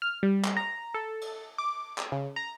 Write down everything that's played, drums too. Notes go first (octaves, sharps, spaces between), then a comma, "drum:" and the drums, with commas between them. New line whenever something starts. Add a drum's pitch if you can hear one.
F6
G3
drum: clap
A#5
A4
drum: cymbal
D6
drum: clap
C#3
A#5